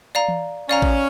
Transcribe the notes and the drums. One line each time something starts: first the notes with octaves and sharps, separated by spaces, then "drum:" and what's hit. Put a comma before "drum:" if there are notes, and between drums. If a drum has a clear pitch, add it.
D5 F5 A#5
drum: tom E3
C#4 D5 F5 A#5
drum: kick A1